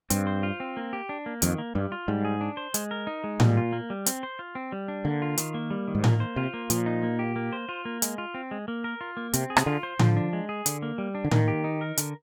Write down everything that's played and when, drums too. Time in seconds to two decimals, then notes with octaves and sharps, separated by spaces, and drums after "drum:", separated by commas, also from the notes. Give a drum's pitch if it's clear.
0.10 G2 C4, drum: hi-hat
0.27 C5
0.43 F4
0.60 C4
0.77 A#3
0.93 G4
1.09 D4
1.26 A#3
1.42 F2 D#3, drum: hi-hat
1.58 A#3
1.75 G2 G3
1.92 F4
2.08 G#2 G3
2.25 G#4
2.41 D4
2.57 C5
2.74 G#3, drum: hi-hat
2.91 A#4
3.07 D#4
3.24 G#3
3.40 A#2 G3, drum: tom A2
3.57 F4
3.73 A#3
3.90 G3
4.06 C4, drum: hi-hat
4.23 C5
4.39 F4
4.55 C4
4.72 G3
4.88 D4
5.05 D3 A#3
5.22 F4
5.38 D#3, drum: hi-hat
5.54 A#3
5.70 G3
5.88 D#3
5.95 G#2
6.04 A#2 A#3, drum: tom A2
6.20 C5
6.36 C3 F4
6.54 A#3
6.70 A#2 F3, drum: hi-hat
6.86 D#4
7.03 A#3
7.19 G4
7.36 A#3
7.53 C5
7.69 F4
7.85 A#3
8.02 G#3, drum: hi-hat
8.18 F4
8.34 C4
8.51 G#3
8.68 A#3
8.84 A#4
9.01 F4
9.17 A#3
9.33 C3 C4, drum: hi-hat
9.50 G#4
9.57 C3, drum: rim click
9.66 D3 F4
9.83 C5
9.99 D3 F3, drum: tom A2
10.16 D4
10.33 G#3
10.49 G#4
10.66 D3, drum: hi-hat
10.82 A#3
10.98 G3
11.15 D4
11.25 D3
11.31 D#3 A#3, drum: tom A2
11.48 G4
11.64 D#4
11.81 A#4
11.97 D3, drum: hi-hat